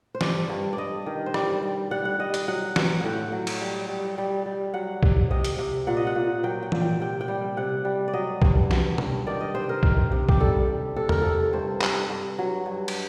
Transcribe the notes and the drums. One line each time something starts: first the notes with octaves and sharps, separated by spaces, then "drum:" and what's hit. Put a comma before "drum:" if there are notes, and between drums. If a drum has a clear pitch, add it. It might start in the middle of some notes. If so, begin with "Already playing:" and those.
C5
G2 D5, drum: snare
G2
D5
G2 D#5
D#3
C5
G3 D5, drum: rim click
G3
G3 F#5
F#5
G3 D#5
D#5, drum: hi-hat
F#3 F#5
F#3, drum: snare
A2 F#5 G5
F#3
drum: cymbal
G3
G3
G3
G3
F#3 F#5
C3, drum: kick B1
C3 D#5
drum: hi-hat
C3
A#2 F#5
D#5
F#5
A#2
F#3 G5
G5
A#2, drum: tom
G5
C3 G5
G5
G3
C3 F#5
G3
D5
F#3 D#5
G2, drum: kick B1
F#3, drum: snare
G2, drum: tom
D#3 D5
D#5
C3 C5
A#4
D#3 A#4, drum: kick B1
C3
G4, drum: kick B1
G3 A4
G3
C3 A4
A#4, drum: tom E2
C3 A4
G2 C5
G2, drum: clap
G2
F#3
G2
drum: cymbal